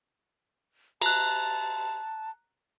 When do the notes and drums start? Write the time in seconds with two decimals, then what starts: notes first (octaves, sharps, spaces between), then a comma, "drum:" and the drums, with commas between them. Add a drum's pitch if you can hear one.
1.02 A5 A#5 F#6, drum: cymbal